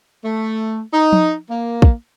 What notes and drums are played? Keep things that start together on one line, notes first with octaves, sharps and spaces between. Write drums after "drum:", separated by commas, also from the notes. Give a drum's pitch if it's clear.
A3
D#4
drum: tom F3
A#3
drum: kick